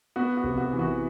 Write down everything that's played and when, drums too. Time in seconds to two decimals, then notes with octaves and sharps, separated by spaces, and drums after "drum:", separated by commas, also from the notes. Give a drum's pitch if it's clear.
0.16 B3 F#4
0.37 F#4
0.44 C3, drum: kick A#1
0.57 F#4
0.73 E3
0.79 F#4